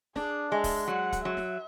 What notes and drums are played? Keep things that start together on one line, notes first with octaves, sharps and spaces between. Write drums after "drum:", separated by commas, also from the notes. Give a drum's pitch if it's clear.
D4 G#4, drum: snare
G#3 E5
drum: kick, open hi-hat
F#3 F#5
drum: kick, hi-hat
F#3 E5
drum: snare